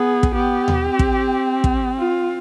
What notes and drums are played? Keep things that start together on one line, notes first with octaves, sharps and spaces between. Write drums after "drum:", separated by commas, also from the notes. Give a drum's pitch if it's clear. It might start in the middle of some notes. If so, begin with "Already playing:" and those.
Already playing: B3 G#4
drum: kick
B3 G4
drum: tom D#2
C4
drum: kick
drum: kick
F4